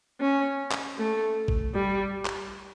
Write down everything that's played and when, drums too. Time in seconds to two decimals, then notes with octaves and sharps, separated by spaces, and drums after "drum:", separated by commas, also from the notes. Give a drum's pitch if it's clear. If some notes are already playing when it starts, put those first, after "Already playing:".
0.21 C#4
0.71 drum: clap
0.97 A3
1.48 drum: kick G#1
1.74 G3
2.25 drum: clap